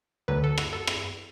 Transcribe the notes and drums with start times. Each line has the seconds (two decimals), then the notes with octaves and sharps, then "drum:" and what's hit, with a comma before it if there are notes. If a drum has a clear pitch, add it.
0.28 D2 D3 F#3 B4
0.44 A4
0.58 F#4, drum: rim click
0.73 A4
0.87 drum: rim click